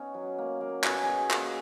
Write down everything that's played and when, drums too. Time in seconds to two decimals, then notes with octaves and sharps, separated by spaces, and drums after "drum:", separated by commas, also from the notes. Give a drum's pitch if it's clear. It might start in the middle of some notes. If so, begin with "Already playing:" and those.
Already playing: B3 C#4 D#4 D#5
0.14 F#3
0.38 A#3
0.61 A#3
0.84 B2 G#5, drum: clap
0.94 F#5
1.03 B2 G#4 G#5
1.31 A#3, drum: clap